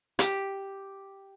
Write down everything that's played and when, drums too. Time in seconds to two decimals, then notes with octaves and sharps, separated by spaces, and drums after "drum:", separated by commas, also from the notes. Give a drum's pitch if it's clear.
0.19 G4, drum: hi-hat